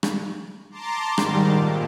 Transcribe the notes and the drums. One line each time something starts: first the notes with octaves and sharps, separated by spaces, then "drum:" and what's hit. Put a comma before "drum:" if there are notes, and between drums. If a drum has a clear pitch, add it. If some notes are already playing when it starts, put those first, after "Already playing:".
drum: rim click
A5 A#5 C6 D6
G#2 D#3 G3, drum: rim click
A#2